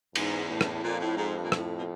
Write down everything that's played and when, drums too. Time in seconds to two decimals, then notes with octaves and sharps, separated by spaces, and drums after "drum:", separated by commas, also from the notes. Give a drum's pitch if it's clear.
0.15 E2 G#2, drum: cymbal
0.50 A2
0.61 drum: rim click
0.83 F2 A#2
1.00 A2
1.17 G#2
1.35 G2
1.45 A#2
1.52 A2, drum: rim click
1.79 B2